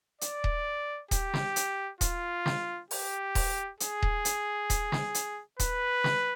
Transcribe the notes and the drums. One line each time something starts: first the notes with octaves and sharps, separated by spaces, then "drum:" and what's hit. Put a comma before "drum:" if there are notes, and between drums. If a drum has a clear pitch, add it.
D5, drum: hi-hat
drum: kick D#1
G4, drum: kick D#1, hi-hat
drum: snare
drum: hi-hat
F4, drum: kick D#1, hi-hat
drum: snare
G4, drum: open hi-hat
drum: kick D#1, open hi-hat
G#4, drum: hi-hat
drum: kick D#1
drum: hi-hat
drum: kick D#1, hi-hat
drum: snare
drum: hi-hat
B4, drum: kick D#1, hi-hat
drum: snare